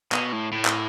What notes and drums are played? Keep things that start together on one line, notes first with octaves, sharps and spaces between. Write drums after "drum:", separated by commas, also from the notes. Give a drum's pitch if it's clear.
B2, drum: clap
A2
A2
drum: clap